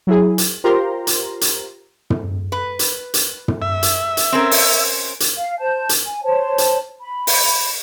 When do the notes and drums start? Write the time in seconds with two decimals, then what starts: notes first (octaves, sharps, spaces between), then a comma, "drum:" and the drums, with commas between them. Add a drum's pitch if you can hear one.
0.07 F#3 E4 G#4
0.38 drum: hi-hat
0.64 F4 G4 A#4 C5 A#5 C6
1.07 drum: hi-hat
1.41 drum: hi-hat
2.10 drum: tom
2.52 B4
2.79 drum: hi-hat
3.14 drum: hi-hat
3.48 drum: tom
3.62 E5
3.83 drum: hi-hat
4.17 drum: hi-hat
4.32 C4 C#4 A#4
4.51 drum: open hi-hat
5.20 drum: hi-hat
5.36 F5
5.60 C5 A5 G6
5.89 drum: hi-hat
6.05 G#5
6.24 C5 C#5 A5
6.58 drum: hi-hat
7.01 B5
7.27 drum: open hi-hat